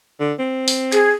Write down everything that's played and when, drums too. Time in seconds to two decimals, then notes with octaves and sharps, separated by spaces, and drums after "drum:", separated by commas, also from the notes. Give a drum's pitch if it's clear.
0.20 D3
0.39 C4
0.68 drum: open hi-hat
0.92 G#4, drum: hi-hat